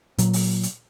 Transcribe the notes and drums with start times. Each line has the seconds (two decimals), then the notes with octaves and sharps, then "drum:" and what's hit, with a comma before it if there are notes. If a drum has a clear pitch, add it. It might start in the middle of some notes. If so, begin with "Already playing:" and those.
0.18 A#2 F#3, drum: hi-hat
0.33 drum: open hi-hat
0.63 drum: hi-hat